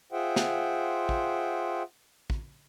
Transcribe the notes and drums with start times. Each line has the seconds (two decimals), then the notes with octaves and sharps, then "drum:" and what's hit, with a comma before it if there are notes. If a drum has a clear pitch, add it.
0.12 F4 G#4 C5 E5 F#5 G5
0.36 drum: snare
1.09 drum: kick
2.30 drum: kick